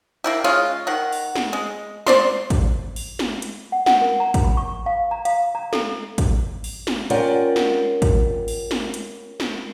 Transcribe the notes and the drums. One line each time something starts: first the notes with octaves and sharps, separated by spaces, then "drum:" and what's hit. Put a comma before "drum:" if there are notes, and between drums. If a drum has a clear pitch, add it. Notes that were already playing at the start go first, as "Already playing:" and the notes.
A#3 E4 G4
G#3 C#4 F4
D#3 F#5
drum: open hi-hat
drum: snare
G#3
C5 D5 C6, drum: snare
drum: kick, hi-hat
drum: open hi-hat
drum: snare
drum: hi-hat
F#5
F#5, drum: snare
A#4
A#5
drum: kick, hi-hat
B5
C#6
F5
A#5
F5, drum: hi-hat
A#5
A4, drum: snare
drum: kick, hi-hat
drum: open hi-hat
drum: snare
C#4 F4 G4 A#4 D5 F#5, drum: hi-hat
drum: snare
drum: kick, hi-hat
drum: open hi-hat
drum: snare
drum: hi-hat
drum: snare